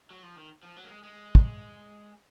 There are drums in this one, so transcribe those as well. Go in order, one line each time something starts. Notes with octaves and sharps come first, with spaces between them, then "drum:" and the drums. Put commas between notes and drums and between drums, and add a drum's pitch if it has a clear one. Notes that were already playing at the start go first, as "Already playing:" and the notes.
F#3
F3
D#3
F3
F#3
A#3
G#3
G#3
drum: kick